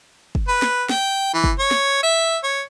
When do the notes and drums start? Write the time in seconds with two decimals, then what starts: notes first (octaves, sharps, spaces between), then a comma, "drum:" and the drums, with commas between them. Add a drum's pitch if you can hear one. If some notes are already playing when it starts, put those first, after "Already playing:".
0.35 drum: kick
0.48 B4
0.62 drum: snare
0.89 G5, drum: snare
1.34 E3
1.44 drum: kick
1.59 C#5
1.71 drum: snare
2.03 E5
2.44 C#5